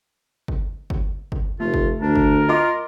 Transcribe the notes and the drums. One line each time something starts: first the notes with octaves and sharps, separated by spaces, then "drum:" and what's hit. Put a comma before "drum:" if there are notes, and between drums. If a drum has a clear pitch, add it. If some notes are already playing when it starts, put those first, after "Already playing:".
drum: kick
drum: kick
drum: kick
F1 A3 F4
drum: kick
D2 D4 A#4
drum: kick
F4 D#5 C6 D6